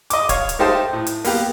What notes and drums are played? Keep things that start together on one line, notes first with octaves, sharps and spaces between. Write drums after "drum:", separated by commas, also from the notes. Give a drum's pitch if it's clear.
D#5 D6, drum: hi-hat
C#5 F5, drum: kick, hi-hat
drum: hi-hat
A3 D#4 G4 C5 F5 A5
A2
drum: hi-hat
A#3 B3 G4, drum: open hi-hat